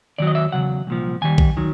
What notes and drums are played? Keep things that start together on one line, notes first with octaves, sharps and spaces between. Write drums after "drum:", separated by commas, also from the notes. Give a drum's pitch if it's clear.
D#2 D#3 F#3 D5
D#5
E5
E2 C#3 F#3 F#5
C2 A#2 F3
D#2 D#3 G3 G#5
drum: kick A#1
D#3 F#3